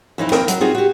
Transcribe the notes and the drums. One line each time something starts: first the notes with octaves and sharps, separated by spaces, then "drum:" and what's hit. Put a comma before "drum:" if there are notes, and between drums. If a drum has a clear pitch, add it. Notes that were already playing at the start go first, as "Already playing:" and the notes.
F2 E3 D#4 E4
C4 D#4 A#4 G5, drum: snare
F#3, drum: hi-hat
C4 D#4 F4 F#4 G#4
F#4 G4